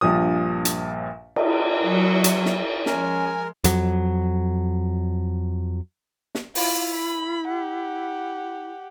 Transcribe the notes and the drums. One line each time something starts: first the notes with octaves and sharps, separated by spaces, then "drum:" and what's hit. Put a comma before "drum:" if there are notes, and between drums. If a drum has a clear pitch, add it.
A#1 G2 A#2 F3 D#6
drum: hi-hat
drum: cymbal
F#3
drum: hi-hat
drum: snare
F3 G#3 C#4 A#4 G#5, drum: snare
F2 F#3, drum: hi-hat
drum: snare
E4 F4 B5, drum: open hi-hat
B5
G4 F#5